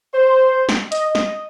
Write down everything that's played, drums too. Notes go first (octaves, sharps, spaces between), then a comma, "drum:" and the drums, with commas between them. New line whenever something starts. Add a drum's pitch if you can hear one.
C5
drum: snare
D#5, drum: hi-hat
drum: snare